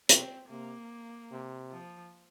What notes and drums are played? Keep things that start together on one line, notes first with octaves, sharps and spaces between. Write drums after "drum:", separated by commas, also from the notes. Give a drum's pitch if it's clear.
C3 C4, drum: hi-hat
C3 A#3
C3
F3